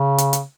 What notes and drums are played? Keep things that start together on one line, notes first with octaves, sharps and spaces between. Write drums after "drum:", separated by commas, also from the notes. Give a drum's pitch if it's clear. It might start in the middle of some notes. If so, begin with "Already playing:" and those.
Already playing: C#3
drum: hi-hat
drum: hi-hat